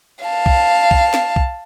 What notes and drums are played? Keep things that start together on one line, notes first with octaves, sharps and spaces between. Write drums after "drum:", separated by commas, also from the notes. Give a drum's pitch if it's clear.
F5 A5
drum: kick B1
drum: kick B1
drum: snare
drum: kick B1